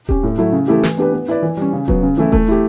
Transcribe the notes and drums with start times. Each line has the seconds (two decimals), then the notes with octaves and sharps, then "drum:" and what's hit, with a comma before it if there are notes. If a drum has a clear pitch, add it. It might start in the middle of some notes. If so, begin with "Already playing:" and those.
0.09 C#4 G4, drum: kick D#1
0.23 A2
0.38 F#3 A3 E4
0.53 C#3
0.68 E3 A3 E4 G4
0.83 E3, drum: snare
0.98 B3 D4 G4 B4
1.12 B3
1.28 E4 B4 D5
1.42 E3
1.57 G3 C#4
1.73 C#3
1.88 F#3 B3, drum: kick D#1
2.03 C#3
2.17 E3 A3 E4
2.32 A3, drum: kick D#1
2.48 E4 G4